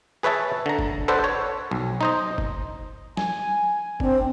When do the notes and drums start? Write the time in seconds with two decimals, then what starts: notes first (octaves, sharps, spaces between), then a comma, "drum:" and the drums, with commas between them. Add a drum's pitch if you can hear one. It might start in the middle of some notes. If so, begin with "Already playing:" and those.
0.23 G#4 B4 C#5 E5 A5
0.66 D3 A#5
0.79 drum: kick
1.08 A4 B4 C5 D5 F#5
1.24 C#5
1.71 B1
2.01 D#4 C5 D#5
2.38 drum: kick
3.17 G#5, drum: snare
4.00 C4 D4, drum: kick